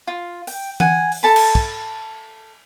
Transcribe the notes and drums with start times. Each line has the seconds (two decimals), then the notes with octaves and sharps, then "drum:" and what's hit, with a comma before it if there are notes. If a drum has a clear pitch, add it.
0.07 F4
0.47 G5, drum: open hi-hat
0.80 F#5 G#5, drum: tom E3
1.12 drum: open hi-hat
1.23 A4 A5 B5
1.36 drum: cymbal
1.55 drum: kick